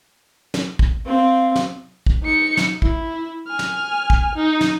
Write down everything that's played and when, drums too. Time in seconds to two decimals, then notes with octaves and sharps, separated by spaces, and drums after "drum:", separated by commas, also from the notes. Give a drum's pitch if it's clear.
0.54 drum: snare
0.79 drum: kick
1.06 C4 F5
1.56 drum: snare
2.06 drum: kick
2.23 D#4 C#7
2.57 drum: snare
2.82 E4, drum: kick
3.48 G#5 F6
3.59 drum: snare
4.10 drum: kick
4.35 D#4
4.61 drum: snare